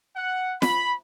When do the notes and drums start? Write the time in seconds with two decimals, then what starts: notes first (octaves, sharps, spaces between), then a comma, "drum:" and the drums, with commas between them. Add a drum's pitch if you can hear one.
0.16 F#5
0.62 B5, drum: snare